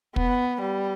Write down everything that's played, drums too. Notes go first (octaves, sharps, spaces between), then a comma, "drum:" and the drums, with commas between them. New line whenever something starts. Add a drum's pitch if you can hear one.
B3, drum: kick
G3